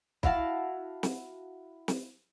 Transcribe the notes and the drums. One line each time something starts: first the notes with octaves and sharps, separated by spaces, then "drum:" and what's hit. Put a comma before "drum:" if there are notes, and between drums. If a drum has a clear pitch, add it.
E4 F#4 F5 A5, drum: kick
drum: snare
drum: snare